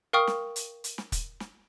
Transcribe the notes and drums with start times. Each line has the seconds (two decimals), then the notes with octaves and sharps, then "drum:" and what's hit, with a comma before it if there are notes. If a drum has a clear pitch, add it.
0.13 A#4 F5 G5 C#6 D#6 F6
0.27 drum: snare
0.56 drum: hi-hat
0.84 drum: hi-hat
0.98 drum: snare
1.12 drum: kick, hi-hat
1.40 drum: snare